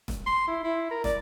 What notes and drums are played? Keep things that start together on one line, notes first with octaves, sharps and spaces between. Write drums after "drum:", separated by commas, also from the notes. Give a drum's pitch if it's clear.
drum: snare
C6
E4
E4
A#4
D5, drum: snare